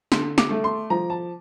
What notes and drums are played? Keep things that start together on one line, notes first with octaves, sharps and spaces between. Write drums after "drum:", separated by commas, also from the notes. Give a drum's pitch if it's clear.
D3 C6, drum: snare
D6, drum: snare
A3
C6
F3 A#5
A5